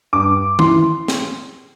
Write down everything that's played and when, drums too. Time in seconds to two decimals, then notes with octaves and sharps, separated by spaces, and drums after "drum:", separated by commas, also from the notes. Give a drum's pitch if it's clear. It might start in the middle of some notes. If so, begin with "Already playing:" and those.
0.13 G2 D6
0.59 E3 C6, drum: tom
1.08 drum: snare